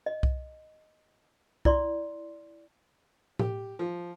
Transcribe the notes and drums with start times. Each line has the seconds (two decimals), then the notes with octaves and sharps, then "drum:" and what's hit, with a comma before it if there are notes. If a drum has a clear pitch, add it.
0.06 D#5
0.23 drum: kick C2
1.65 E4 D5 C6, drum: kick C2
3.39 G4, drum: tom A2
3.79 F3